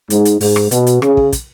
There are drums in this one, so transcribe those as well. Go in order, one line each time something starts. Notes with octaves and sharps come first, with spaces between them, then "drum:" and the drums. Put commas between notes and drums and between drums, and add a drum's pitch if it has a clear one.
G#2, drum: hi-hat
drum: hi-hat
G#2, drum: open hi-hat
drum: rim click
B2, drum: hi-hat
drum: hi-hat
C#3, drum: rim click
drum: kick
drum: kick, hi-hat